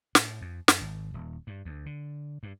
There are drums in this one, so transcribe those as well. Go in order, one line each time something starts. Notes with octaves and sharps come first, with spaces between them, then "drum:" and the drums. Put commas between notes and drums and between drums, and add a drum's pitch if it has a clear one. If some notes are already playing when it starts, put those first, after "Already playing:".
A2, drum: snare
F2
F#2, drum: snare
G#1
D#1
G2
D2
D3
G2